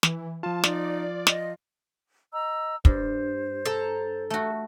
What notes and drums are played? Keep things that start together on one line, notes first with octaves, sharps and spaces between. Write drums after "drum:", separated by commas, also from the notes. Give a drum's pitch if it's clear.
E3, drum: snare
F3 F4 A5
D#4 D5, drum: snare
D#5, drum: snare
D#5 A#5 E6
G2 C5, drum: kick
A4 A#5
A3 F#4